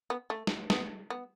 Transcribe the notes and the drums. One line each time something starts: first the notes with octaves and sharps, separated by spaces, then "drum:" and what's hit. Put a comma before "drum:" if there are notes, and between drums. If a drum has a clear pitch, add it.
B3
A3
drum: snare
B3, drum: snare
B3